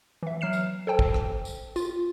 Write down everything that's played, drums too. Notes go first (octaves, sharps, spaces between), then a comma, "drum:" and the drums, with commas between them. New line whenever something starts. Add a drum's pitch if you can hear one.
E3 E5
F#3 F6 C7 E7
drum: tambourine
A4 C5 G5 A5
drum: kick
drum: rim click
drum: tambourine
F4, drum: tambourine